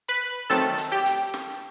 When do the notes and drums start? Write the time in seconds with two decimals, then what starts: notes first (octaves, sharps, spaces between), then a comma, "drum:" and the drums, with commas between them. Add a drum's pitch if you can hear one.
0.08 B4 B5
0.50 D#3 F#3 A3 C4 A4 A5
0.78 drum: hi-hat
0.92 G4 G5
1.06 drum: hi-hat
1.34 drum: snare